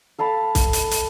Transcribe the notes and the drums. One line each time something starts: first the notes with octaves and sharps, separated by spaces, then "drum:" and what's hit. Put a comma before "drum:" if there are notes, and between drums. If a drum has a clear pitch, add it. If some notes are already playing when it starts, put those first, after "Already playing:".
A4 F5 A5 B5
drum: kick C2, hi-hat
drum: hi-hat
drum: hi-hat